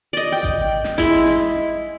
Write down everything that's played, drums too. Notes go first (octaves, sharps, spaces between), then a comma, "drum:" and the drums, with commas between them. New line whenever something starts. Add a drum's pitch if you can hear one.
D5 D#5
G5
drum: kick G#1
drum: snare
G#3 E4, drum: kick G#1
drum: snare